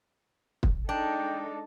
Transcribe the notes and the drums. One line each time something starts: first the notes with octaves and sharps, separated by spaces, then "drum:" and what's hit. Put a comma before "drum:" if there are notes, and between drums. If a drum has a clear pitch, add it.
drum: kick
G#3 D4 D#4 A4 G5